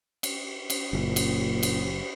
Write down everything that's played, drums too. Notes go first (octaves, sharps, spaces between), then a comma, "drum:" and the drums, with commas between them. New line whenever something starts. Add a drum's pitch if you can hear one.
drum: cymbal
drum: cymbal
F#1 A#2
drum: cymbal
drum: cymbal